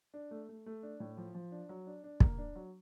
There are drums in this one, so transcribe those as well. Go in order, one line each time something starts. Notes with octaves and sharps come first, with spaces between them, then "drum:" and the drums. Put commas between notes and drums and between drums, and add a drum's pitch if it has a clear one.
D4
A3
A3
A3
D4
A2
F3
F3
D4
F#3
D4
D4
A#3, drum: kick
D4
F#3